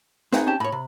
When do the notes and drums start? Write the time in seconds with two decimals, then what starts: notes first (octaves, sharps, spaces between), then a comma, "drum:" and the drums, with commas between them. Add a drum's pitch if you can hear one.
0.33 C4 D#4 G#4 B4 F#5 G#5, drum: snare
0.47 C#4 G4 A5
0.60 A2 C#5 B5
0.72 C3